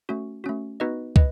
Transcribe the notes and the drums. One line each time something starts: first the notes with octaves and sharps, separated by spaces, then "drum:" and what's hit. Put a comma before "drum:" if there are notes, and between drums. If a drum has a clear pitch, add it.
A3 C#4 F#4
A3 C#4 F#4
B3 D#4 F#4 B4 D#5
B4 D#5, drum: kick